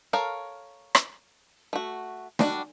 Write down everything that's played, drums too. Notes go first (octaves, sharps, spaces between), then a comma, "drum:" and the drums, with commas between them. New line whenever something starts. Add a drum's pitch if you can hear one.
A4 A#4 C#5 F5
drum: rim click
A3 F#4
G3 D4 F4 F#4, drum: snare